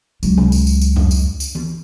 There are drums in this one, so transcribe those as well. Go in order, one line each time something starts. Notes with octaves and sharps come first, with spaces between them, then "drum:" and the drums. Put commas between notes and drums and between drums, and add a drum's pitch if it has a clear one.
C#2 F#3, drum: tambourine
drum: tom C3
drum: tambourine
drum: tambourine
drum: tambourine
drum: tom F2
drum: tambourine
drum: tambourine
drum: tom E3